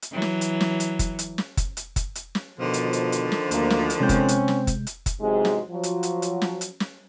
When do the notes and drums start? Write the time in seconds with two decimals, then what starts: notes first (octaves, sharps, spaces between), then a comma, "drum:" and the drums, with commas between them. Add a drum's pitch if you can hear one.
0.02 drum: hi-hat
0.12 E3 F#3
0.22 drum: snare
0.41 drum: hi-hat
0.61 drum: snare
0.80 drum: hi-hat
0.99 drum: kick, hi-hat
1.19 drum: hi-hat
1.38 drum: snare
1.57 drum: kick, hi-hat
1.77 drum: hi-hat
1.96 drum: kick, hi-hat
2.15 drum: hi-hat
2.35 drum: snare
2.59 B2 D3 D#3 F3
2.74 drum: hi-hat
2.93 drum: hi-hat
3.12 drum: hi-hat
3.32 drum: snare
3.51 D2 A#3, drum: hi-hat
3.70 drum: snare
3.90 drum: hi-hat
4.00 C3 G#3 C4 C#4 G6
4.09 drum: kick, hi-hat
4.28 drum: hi-hat
4.48 drum: snare
4.67 drum: kick, hi-hat
4.87 drum: hi-hat
5.06 drum: kick, hi-hat
5.21 E2 G#2 C3 F#3 G#3
5.45 drum: snare
5.71 F3 F#3
5.83 drum: hi-hat
6.03 drum: hi-hat
6.22 drum: hi-hat
6.42 drum: snare
6.61 drum: hi-hat
6.80 drum: snare